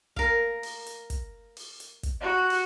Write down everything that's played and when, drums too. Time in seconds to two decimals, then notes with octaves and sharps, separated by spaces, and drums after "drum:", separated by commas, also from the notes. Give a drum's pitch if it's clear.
0.16 A#4 F5, drum: kick
0.63 drum: open hi-hat
0.86 drum: hi-hat
1.10 drum: kick, hi-hat
1.57 drum: open hi-hat
1.80 drum: hi-hat
2.03 drum: kick, hi-hat
2.22 F#4
2.50 drum: open hi-hat